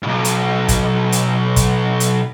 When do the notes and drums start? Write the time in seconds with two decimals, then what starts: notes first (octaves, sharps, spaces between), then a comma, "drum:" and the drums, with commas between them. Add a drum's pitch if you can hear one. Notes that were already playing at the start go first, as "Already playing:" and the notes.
0.03 B1 G2
0.25 drum: hi-hat
0.68 drum: kick, hi-hat
1.12 drum: hi-hat
1.56 drum: kick, hi-hat
2.00 drum: hi-hat